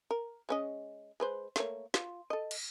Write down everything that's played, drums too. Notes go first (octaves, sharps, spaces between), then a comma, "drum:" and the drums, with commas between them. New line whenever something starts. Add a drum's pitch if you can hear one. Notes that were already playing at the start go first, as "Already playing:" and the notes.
A#4
G#3 C#4 D#5
G#3 B4 C5
A3 A#3 C#5, drum: snare
F4, drum: snare
A4 D#5
drum: cymbal